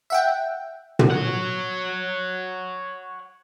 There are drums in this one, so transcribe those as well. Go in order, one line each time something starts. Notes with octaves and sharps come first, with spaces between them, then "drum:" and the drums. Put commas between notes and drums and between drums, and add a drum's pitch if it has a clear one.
E5 F#5 G5
drum: tom
C#5 F#5